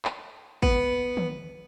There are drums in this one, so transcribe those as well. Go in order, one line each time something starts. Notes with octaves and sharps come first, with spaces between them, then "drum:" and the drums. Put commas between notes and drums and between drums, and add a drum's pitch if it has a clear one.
drum: clap
B3, drum: kick
drum: tom